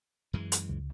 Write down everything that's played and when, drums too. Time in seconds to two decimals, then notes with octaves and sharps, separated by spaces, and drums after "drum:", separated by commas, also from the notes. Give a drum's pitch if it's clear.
0.33 F#2 E3 G#3
0.52 drum: hi-hat
0.69 C#2